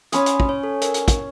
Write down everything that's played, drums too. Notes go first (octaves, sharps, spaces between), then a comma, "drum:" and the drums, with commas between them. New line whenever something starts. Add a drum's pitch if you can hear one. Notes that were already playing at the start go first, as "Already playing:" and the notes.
C#4 G#5 B5 C6 D#6, drum: hi-hat
drum: hi-hat
drum: kick
C#5
A4
A#4, drum: hi-hat
drum: hi-hat
drum: kick, hi-hat